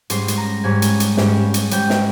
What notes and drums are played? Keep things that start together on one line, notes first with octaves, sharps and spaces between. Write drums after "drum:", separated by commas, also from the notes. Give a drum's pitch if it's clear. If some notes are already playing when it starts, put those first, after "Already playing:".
G#2 G3 C#4 C6, drum: hi-hat
drum: hi-hat
A#5
G#2 G3 C#4 G#5
drum: hi-hat
drum: hi-hat
G#2 G3 C#4, drum: snare
drum: hi-hat
G#2 G3 C#4 G5, drum: hi-hat
drum: snare